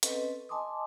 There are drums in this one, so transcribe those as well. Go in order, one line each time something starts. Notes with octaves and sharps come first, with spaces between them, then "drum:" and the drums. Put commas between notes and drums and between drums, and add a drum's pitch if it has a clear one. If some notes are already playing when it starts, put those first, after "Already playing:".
C4 C#4 A4 B4 D#5, drum: hi-hat
D#5 G#5 A5 C6 D6 D#6